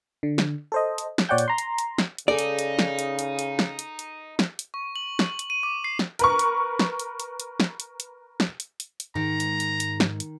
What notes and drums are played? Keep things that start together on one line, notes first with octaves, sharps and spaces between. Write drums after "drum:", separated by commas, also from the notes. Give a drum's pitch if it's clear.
D3
drum: snare
A4 C5 D#5
drum: hi-hat
drum: snare
A#2 C#5 D5 F#5 G5 G6
drum: hi-hat
A#5 C6
drum: hi-hat
drum: hi-hat
drum: snare
drum: hi-hat
C#3 D#4 G#4 A4 D5
drum: hi-hat
drum: hi-hat
drum: snare
drum: hi-hat
drum: hi-hat
drum: hi-hat
drum: snare
drum: hi-hat
drum: hi-hat
drum: snare
drum: hi-hat
C#6
F#7
drum: snare
drum: hi-hat
D#7
D6
C7
drum: snare
A#4 B4 C#6, drum: hi-hat
drum: hi-hat
drum: snare
drum: hi-hat
drum: hi-hat
drum: hi-hat
drum: snare
drum: hi-hat
drum: hi-hat
drum: snare
drum: hi-hat
drum: hi-hat
drum: hi-hat
G#2 D#3 A#5
drum: hi-hat
drum: hi-hat
drum: hi-hat
drum: snare
drum: hi-hat